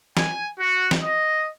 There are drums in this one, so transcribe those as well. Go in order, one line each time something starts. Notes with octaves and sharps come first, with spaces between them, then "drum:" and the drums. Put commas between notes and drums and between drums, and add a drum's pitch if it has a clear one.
G#5, drum: snare
F#4
drum: snare
D#5